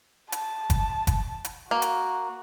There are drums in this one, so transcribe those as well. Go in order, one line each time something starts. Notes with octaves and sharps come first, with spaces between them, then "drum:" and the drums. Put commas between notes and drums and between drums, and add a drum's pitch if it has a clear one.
A5, drum: hi-hat
drum: kick F#1, hi-hat
drum: kick F#1, hi-hat
drum: hi-hat
A#3 F#4
drum: hi-hat